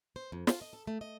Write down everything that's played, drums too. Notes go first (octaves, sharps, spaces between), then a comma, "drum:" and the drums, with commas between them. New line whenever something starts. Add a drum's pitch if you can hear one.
C5
F2
F4, drum: snare
D#5
A4
A3
D#5